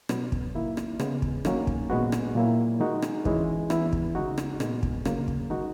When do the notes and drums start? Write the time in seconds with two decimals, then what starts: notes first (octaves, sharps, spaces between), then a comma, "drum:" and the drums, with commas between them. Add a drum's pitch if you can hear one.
0.09 B2 F#3 B3, drum: rim click
0.32 drum: kick
0.55 D#3 A#3 E4
0.77 drum: rim click
1.00 C#3 G#3 B3, drum: rim click
1.22 drum: kick
1.45 D#3 F#3 A#3 C#4, drum: rim click
1.67 drum: kick
1.90 A#2 G#3 B3 F#4
2.12 drum: rim click
2.35 A#2 F#3 A#3 E4
2.80 D#3 G#3 D#4 F#4
3.02 drum: rim click
3.25 E3 G#3 C#4 E4, drum: kick
3.70 E3 B3 E4, drum: rim click
3.93 drum: kick
4.15 C#3 G#3 D#4 F#4
4.38 drum: rim click
4.60 A#2 G#3 B3, drum: rim click
4.83 drum: kick
5.05 C#3 F#3 A#3, drum: rim click
5.28 drum: kick
5.50 D#3 G#3 D#4 F#4